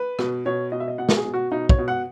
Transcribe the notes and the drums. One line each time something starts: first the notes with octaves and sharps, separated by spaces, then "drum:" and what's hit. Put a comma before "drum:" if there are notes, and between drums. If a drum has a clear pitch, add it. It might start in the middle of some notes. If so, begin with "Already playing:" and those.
Already playing: B4
B2, drum: rim click
B2 C#5
B2 D#5
E5
D#5
B2 F#5
F#4, drum: snare
G#4
B2
F#4
B2 D#4
C#5, drum: kick
B2
F#5